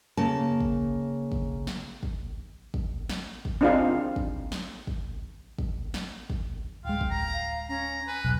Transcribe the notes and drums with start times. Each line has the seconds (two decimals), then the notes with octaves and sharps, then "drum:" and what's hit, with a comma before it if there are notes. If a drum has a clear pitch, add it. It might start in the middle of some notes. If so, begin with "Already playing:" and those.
0.17 C#3 A#3 C#5 A5
0.60 drum: kick
1.32 drum: kick
1.67 drum: snare
2.03 drum: kick
2.74 drum: kick
3.09 drum: snare
3.45 drum: kick
3.61 C4 D4 D#4 F4 G#4 F5
4.16 drum: kick
4.52 drum: snare
4.87 drum: kick
5.59 drum: kick
5.94 drum: snare
6.30 drum: kick
6.85 D1 G#3 F5 G5
7.01 drum: kick
7.11 A#5
7.33 F5
7.69 C#4 A#5
8.08 B4 G#5
8.25 E1 B1 F#6